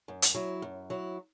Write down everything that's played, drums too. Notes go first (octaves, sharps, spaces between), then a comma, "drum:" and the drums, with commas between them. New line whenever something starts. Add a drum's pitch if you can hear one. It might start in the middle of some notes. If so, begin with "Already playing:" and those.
F#2
drum: hi-hat
F#3 E4
F#2
F#3 E4